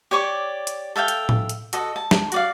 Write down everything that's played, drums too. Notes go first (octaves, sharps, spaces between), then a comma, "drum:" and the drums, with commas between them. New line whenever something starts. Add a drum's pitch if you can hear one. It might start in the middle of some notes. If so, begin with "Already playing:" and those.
G4 C#5 D5 C#6
drum: hi-hat
A4 E5 F5 G5
drum: hi-hat
drum: tom A2
drum: hi-hat
F#4 A4 D#5, drum: hi-hat
A5
drum: snare
F#4 D5 F5, drum: hi-hat